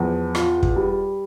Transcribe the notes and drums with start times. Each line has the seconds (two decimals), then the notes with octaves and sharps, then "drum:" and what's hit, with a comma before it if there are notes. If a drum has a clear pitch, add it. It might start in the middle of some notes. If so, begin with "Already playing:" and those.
Already playing: E2 F3
0.35 F4, drum: rim click
0.63 drum: kick
0.76 G3